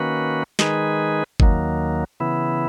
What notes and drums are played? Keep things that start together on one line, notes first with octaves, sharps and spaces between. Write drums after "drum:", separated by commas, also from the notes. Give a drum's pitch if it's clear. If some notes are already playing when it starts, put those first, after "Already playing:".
Already playing: D#3 A#3 C#4 F#4 B4
D#3 G#3 D#4 G#4 B4, drum: snare
D#2 D#3 F#3 A#3, drum: kick G1
C#3 E3 B3 E4